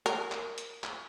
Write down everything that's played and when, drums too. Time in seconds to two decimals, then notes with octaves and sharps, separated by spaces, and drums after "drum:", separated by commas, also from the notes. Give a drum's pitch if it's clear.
0.06 A#4, drum: hi-hat
0.32 drum: clap
0.58 drum: hi-hat
0.84 drum: clap